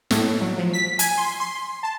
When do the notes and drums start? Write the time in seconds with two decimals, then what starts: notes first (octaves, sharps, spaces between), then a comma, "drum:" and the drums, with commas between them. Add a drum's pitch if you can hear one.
0.11 A2, drum: snare
0.41 F#3
0.58 F3
0.73 B6
0.99 G#5, drum: hi-hat
1.18 C6
1.40 C6
1.83 A5